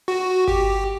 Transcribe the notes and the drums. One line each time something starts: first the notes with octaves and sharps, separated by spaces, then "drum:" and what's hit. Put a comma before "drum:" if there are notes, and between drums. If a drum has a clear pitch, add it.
F#4
G4, drum: kick G1